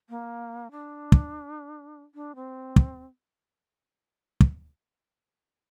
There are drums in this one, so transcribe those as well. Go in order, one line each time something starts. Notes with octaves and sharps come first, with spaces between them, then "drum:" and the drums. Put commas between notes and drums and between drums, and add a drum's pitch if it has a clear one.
A#3
D4
drum: kick
D4
C4
drum: kick
drum: kick